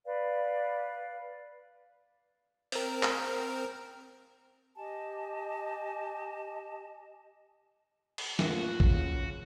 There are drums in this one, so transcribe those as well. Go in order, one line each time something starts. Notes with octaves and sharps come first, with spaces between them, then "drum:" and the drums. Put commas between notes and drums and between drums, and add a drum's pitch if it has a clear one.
B4 D5 F5
C4 A#4, drum: open hi-hat
drum: clap
G4 D#5 G#5 A5
drum: cymbal
F2 A2 A#3 F4 F#4, drum: snare
C#3, drum: kick A#1